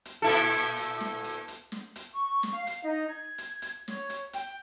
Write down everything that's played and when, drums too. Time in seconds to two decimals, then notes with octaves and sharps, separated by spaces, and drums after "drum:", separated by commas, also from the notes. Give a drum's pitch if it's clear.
0.05 drum: hi-hat
0.22 A#2 E4 A4
0.53 drum: hi-hat
0.77 drum: hi-hat
1.00 drum: snare
1.24 drum: hi-hat
1.48 drum: hi-hat
1.72 drum: snare
1.96 drum: hi-hat
2.13 C#6
2.43 drum: snare
2.53 F5
2.67 drum: hi-hat
2.83 D#4
3.08 G#6
3.38 drum: hi-hat
3.62 drum: hi-hat
3.88 C#5, drum: snare
4.10 drum: hi-hat
4.33 G5, drum: hi-hat